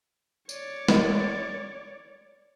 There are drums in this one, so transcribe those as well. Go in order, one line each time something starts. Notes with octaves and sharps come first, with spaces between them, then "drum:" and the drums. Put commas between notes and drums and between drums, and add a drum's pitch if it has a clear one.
C#5 D5, drum: tambourine
drum: snare